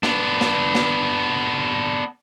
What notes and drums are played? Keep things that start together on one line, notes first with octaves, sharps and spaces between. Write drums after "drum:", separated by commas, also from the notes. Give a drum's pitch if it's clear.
B3 D4, drum: snare
drum: snare
drum: snare